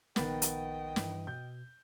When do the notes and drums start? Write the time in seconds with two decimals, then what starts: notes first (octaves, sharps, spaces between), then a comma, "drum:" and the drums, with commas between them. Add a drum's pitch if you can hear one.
0.16 A#1 D#3 B3 D#5 F#5 G5 A6, drum: snare
0.42 drum: hi-hat
0.96 G2 E3, drum: snare
1.27 B2 G6